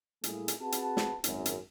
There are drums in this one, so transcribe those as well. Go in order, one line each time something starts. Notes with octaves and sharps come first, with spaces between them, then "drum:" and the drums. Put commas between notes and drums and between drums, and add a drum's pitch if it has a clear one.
A2 G3 A3 A#3 E4 G#4, drum: hi-hat
drum: hi-hat
C4 F#4 G#4 B4 F#5 A5
drum: hi-hat
drum: snare
G#1 F#2, drum: hi-hat
drum: hi-hat